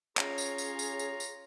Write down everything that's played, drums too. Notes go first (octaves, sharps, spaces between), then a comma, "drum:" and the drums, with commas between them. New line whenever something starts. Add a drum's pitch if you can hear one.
C#4 F4 G#4 C#5 A#5, drum: clap
drum: tambourine
drum: tambourine
drum: tambourine
drum: tambourine
drum: tambourine